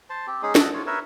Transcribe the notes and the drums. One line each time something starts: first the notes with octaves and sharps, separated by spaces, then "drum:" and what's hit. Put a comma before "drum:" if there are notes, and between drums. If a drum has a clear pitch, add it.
C5 A5
C4 G4
G#3 C#4 D#4 G#4
D#5 E5 F#5 A5, drum: snare
F4 C#5
A#4 B4 C#5 E5